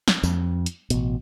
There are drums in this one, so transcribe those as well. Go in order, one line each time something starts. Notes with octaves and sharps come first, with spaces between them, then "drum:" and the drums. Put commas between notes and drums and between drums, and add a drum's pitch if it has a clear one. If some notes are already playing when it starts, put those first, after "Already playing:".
drum: snare
F2, drum: tambourine
drum: hi-hat
A1 B2, drum: hi-hat